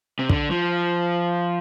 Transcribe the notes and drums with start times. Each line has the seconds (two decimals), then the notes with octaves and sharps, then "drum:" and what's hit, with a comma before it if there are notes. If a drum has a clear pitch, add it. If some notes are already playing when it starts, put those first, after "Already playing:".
0.19 C3
0.30 D3, drum: kick
0.51 F3